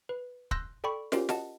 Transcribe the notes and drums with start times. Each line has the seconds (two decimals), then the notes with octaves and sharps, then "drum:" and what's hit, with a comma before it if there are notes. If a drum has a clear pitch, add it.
0.09 B4
0.51 C6 E6 F#6 G6 A#6, drum: kick
0.84 A4 D5 G5 B5 C#6
1.12 C#4 F4 G4 A#4 C5 D5, drum: snare
1.29 D#5 F#5 A5, drum: snare